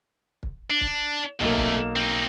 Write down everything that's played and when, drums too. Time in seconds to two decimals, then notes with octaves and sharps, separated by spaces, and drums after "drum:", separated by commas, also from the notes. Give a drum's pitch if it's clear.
0.43 drum: kick
0.70 D4
0.81 drum: kick
1.41 B1 C3 A3 A#3
1.58 drum: kick
1.96 C4 D#4